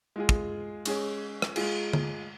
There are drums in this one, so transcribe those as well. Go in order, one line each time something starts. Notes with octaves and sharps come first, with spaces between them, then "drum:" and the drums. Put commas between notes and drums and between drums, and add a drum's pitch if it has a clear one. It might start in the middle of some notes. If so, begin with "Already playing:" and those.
G#3 F4 G#4
drum: kick
G#3 C#4 G#4, drum: cymbal
drum: rim click
G#3 F4 G#4, drum: cymbal
drum: tom D3